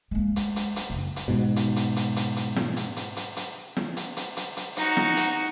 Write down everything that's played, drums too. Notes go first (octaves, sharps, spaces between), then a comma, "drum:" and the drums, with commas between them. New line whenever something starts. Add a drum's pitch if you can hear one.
G#3 A#3
drum: hi-hat
drum: hi-hat
drum: hi-hat
F#1
drum: hi-hat
G#2 B2
drum: hi-hat
drum: hi-hat
drum: hi-hat
drum: hi-hat
drum: hi-hat
drum: snare
drum: hi-hat
drum: hi-hat
drum: hi-hat
drum: hi-hat
drum: snare
drum: hi-hat
drum: hi-hat
drum: hi-hat
drum: hi-hat
D#4 F#4, drum: hi-hat
drum: snare
drum: hi-hat